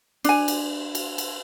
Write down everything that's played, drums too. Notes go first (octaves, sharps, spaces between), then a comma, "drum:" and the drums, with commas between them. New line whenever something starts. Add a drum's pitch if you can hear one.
D4 G#5, drum: cymbal
drum: cymbal
drum: cymbal
drum: cymbal